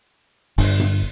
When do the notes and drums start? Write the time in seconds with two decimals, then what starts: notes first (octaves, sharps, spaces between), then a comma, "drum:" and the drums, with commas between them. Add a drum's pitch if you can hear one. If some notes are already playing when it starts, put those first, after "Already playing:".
0.58 G1, drum: open hi-hat
0.80 drum: tom G2